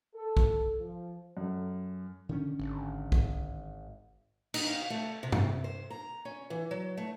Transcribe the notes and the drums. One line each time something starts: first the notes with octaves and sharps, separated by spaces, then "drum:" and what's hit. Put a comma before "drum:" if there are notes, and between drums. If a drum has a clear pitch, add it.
A4
drum: kick B1
F3
F#2 A4
D3 D#3 C#4
G#1
drum: kick B1
D#4, drum: cymbal
F5
A3
C3
drum: tom G2
C5
A#5
C#4
E3
F#3
A3